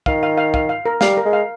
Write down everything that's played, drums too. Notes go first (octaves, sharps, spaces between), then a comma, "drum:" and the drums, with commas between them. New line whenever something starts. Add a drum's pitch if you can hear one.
D#3 F5, drum: kick
F5
F5
F5, drum: kick
F5
A#4
G3 F5, drum: snare
A#4
G#3
F5